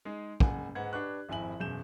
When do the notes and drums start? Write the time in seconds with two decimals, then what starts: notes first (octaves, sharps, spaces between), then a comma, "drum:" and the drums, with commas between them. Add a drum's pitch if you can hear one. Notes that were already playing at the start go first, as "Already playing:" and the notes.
0.05 G#3 D#4 G#4
0.40 F#1 F#5 G#5, drum: kick
0.75 G#2 B4 F#5 G#6
0.93 D4 G4 B4 C#6 F#6
1.29 G#1 F2 E4 G#5 F#7
1.60 E1 F#2 G6 E7